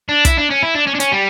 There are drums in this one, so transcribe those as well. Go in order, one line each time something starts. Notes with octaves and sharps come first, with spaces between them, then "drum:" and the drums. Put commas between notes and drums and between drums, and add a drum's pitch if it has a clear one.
D4
E4, drum: kick, hi-hat
D4
C#4
E4
D4
C#4
D4
C#4, drum: hi-hat
G3